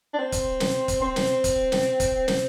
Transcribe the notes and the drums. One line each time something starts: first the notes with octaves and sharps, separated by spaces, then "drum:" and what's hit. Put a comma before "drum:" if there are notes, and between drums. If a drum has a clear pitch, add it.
D4
C4
drum: kick, hi-hat
drum: snare
drum: kick, hi-hat
C4
drum: snare
drum: kick, hi-hat
drum: snare
drum: kick, hi-hat
C4, drum: snare